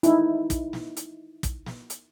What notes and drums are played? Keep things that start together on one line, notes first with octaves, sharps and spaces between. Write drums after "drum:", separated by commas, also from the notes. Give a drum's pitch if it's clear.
D#4 E4, drum: hi-hat
drum: kick, hi-hat
drum: snare
drum: hi-hat
drum: kick, hi-hat
drum: snare
drum: hi-hat